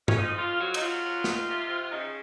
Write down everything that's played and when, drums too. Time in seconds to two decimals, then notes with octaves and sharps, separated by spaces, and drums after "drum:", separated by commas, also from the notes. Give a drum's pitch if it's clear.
0.08 C#4, drum: tom
0.17 F2 D#4
0.38 F2 F4
0.60 F#3 F#4
0.74 D#4, drum: cymbal
0.81 F#3 F4
1.03 F#3
1.24 D#3, drum: snare
1.46 C3
1.69 C3
1.89 C#3 D#4